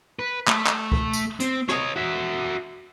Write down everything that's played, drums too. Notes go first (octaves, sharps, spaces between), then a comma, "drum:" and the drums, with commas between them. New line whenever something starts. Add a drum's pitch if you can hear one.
B4
A3 A4, drum: clap
drum: clap
drum: kick C#2
drum: tambourine
C4, drum: hi-hat
C#5 D#5, drum: rim click
F#4 E5